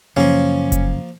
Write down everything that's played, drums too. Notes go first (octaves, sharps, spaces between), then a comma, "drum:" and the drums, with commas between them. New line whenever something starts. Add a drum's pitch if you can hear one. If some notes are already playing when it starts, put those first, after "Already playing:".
F#2 C#3 F3 A#3 C#4
drum: kick F1, hi-hat